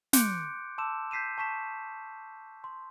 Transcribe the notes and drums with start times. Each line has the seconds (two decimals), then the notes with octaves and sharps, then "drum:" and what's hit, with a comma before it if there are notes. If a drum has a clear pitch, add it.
0.13 C6 D6 F#6 G6 C#7 D7, drum: snare
0.78 A5 C6 D6 E6 E7
1.11 G6 B6 C7 D#7 E7
1.38 A5 C#6 B6 E7
2.64 C6